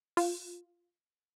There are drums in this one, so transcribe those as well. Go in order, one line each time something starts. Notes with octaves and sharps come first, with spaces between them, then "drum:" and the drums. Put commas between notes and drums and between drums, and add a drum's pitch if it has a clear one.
F4, drum: open hi-hat